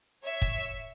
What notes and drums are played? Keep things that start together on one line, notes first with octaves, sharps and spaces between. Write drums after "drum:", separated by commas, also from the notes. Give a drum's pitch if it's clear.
C#5 E5
drum: kick